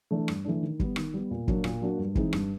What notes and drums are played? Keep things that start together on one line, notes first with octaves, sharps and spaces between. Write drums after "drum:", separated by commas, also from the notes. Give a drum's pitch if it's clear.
E3 A3 D4
G2, drum: rim click
E3 A3 D4
D#3
G3 B3, drum: kick
D#3, drum: rim click
G3 B3
A#2
F#3 A#3 D4 F#4, drum: kick
A#2, drum: rim click
F#3 A#3 D4 F#4
G2
E3 G#3 C4 D#4, drum: kick
G2, drum: rim click